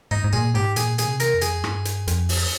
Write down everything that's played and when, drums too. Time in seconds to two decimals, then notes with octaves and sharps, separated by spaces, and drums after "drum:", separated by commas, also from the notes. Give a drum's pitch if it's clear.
0.11 G#2 D#4
0.24 G#2
0.33 A#2 G#4
0.54 G#2 G4
0.76 A#2 G#4, drum: hi-hat
0.98 G#4, drum: hi-hat
1.06 C3
1.20 A#4, drum: hi-hat
1.34 F2
1.42 G#4, drum: hi-hat
1.64 G2, drum: rim click
1.85 drum: hi-hat
2.08 F2, drum: hi-hat
2.29 drum: open hi-hat